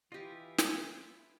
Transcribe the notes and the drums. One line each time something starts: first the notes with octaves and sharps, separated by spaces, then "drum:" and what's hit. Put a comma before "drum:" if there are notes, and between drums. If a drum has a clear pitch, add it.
E3 E4 F4 G4 D#5
drum: snare